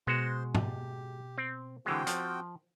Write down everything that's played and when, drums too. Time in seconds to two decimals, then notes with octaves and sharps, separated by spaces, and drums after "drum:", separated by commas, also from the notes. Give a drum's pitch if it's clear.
0.07 B2 G#3 F#4 C5 C6
0.55 G4, drum: tom
1.38 C4
1.86 D3 E3 G#3 C4 F#4 G5
2.07 F3, drum: hi-hat